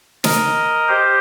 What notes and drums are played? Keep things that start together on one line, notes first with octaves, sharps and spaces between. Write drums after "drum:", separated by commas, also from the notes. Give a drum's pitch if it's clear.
A#4 D#5, drum: snare
G4 C5